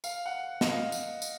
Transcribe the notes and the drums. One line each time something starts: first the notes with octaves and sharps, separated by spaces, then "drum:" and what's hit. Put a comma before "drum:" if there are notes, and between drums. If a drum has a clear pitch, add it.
F5, drum: tambourine
F#5
D#5, drum: snare
F5
drum: tambourine
drum: tambourine